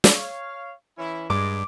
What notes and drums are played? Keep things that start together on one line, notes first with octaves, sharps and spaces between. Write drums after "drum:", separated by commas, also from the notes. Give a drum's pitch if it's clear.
drum: snare
C#5 F5
E3 C#4 E4
G2 G#3 D5 D6